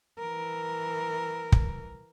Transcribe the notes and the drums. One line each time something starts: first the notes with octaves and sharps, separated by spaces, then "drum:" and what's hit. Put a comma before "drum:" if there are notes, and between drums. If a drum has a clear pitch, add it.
E3 A#4
drum: kick